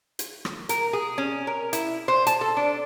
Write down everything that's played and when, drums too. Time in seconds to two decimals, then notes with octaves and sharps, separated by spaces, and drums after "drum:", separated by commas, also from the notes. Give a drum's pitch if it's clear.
0.19 drum: hi-hat
0.45 drum: rim click
0.69 A#4, drum: hi-hat
0.93 G#4
1.18 C#4
1.47 A#4
1.73 E4, drum: hi-hat
2.08 C5
2.27 A5, drum: hi-hat
2.41 A4
2.57 D4